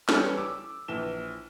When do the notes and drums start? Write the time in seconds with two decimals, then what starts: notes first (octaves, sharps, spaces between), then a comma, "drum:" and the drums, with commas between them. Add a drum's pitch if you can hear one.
0.09 E3 G3 C#4 G4 A4 B4, drum: snare
0.37 D6 E6
0.88 A#1 E3 E7 G7